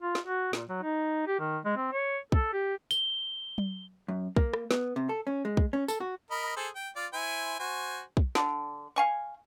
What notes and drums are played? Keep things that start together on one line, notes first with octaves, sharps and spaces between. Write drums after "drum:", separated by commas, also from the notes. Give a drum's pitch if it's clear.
F4
drum: snare
F#4
A#2, drum: snare
F#3
D#4
G4
D#3
G#3
C4
C#5
A4, drum: kick
G4
G7, drum: tambourine
drum: tom F#3
F#2
A#3, drum: kick
drum: rim click
B3, drum: snare
C3
A4
C#4
G#3
drum: kick
C#4
A4, drum: tambourine
F#4
A#4 D#5 B5
G#4 A4 C5
G5
F4 D5
E4 C5 G#5
F#4 C5 G#5
drum: kick
D3 D5, drum: snare
F5 G#5 C#6